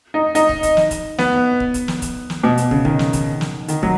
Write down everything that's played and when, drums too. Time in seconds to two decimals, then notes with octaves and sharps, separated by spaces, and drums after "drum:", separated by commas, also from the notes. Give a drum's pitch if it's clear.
0.14 D#4
0.35 D#4, drum: hi-hat
0.49 drum: kick
0.63 drum: kick, hi-hat
0.77 drum: snare
0.91 drum: kick, hi-hat
1.18 B3, drum: snare
1.60 drum: kick
1.74 drum: kick, hi-hat
1.88 drum: snare
2.02 drum: kick, hi-hat
2.30 drum: snare
2.44 B2
2.57 drum: hi-hat
2.71 C#3, drum: kick
2.85 D#3, drum: kick
2.99 drum: snare
3.13 drum: kick, hi-hat
3.41 drum: snare
3.68 D#3, drum: hi-hat
3.83 F#3, drum: kick